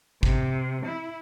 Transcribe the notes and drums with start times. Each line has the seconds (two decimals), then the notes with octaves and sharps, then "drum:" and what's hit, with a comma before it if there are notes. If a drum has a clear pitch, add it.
0.23 C3, drum: kick
0.85 E4